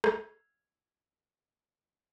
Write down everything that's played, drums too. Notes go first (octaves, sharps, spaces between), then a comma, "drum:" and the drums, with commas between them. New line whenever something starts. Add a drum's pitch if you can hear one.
E6 F6 G#6 C7, drum: rim click